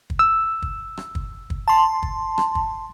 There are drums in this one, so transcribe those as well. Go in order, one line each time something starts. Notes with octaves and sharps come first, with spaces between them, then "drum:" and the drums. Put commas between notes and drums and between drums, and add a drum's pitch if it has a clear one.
drum: kick
E6
drum: kick
drum: rim click
drum: kick
drum: kick
A5 C6
drum: kick
drum: rim click
drum: kick